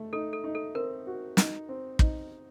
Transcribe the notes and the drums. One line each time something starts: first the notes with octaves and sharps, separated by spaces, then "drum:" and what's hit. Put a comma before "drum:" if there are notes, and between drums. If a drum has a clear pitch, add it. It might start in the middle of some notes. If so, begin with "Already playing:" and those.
Already playing: A3
D#4 A4
A4
D#4
A4
C4 A#4
F#4
D#4, drum: snare
C4
D#4, drum: kick